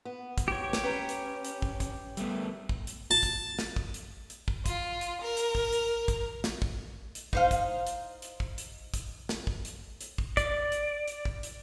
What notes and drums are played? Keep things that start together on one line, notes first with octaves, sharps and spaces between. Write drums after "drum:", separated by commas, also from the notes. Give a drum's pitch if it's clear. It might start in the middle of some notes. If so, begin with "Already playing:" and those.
B3
drum: kick, hi-hat
G4 C#5
drum: snare
C#4 B4 G5 A#5
drum: hi-hat
drum: hi-hat
drum: kick
drum: kick, hi-hat
G3 A3 B3, drum: hi-hat
drum: kick
drum: hi-hat
A5
drum: kick, hi-hat
drum: snare
drum: kick
drum: hi-hat
drum: hi-hat
drum: kick
F4, drum: kick, hi-hat
drum: hi-hat
A#4
drum: hi-hat
drum: kick
drum: hi-hat
drum: kick, hi-hat
drum: snare
drum: kick
drum: hi-hat
D#4 C5 F5, drum: kick
drum: kick, hi-hat
drum: hi-hat
drum: hi-hat
drum: kick
drum: hi-hat
drum: kick, hi-hat
drum: snare
drum: kick
drum: hi-hat
drum: hi-hat
drum: kick
D5, drum: kick, hi-hat
drum: hi-hat
drum: hi-hat
drum: kick
drum: hi-hat